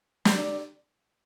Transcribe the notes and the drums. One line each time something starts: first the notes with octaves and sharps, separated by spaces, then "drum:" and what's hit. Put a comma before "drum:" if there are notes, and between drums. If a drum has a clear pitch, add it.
D3 G3 A#3, drum: snare